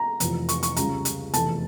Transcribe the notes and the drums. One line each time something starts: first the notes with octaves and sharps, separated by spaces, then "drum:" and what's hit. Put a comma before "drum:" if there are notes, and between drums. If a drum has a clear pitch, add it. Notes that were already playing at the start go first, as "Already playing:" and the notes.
Already playing: A#5
F1 F2 E3, drum: hi-hat
C#6, drum: hi-hat
C#6, drum: hi-hat
C#2 C#3 G3 A#5, drum: hi-hat
drum: hi-hat
F1 E2 E3 A3 A5, drum: hi-hat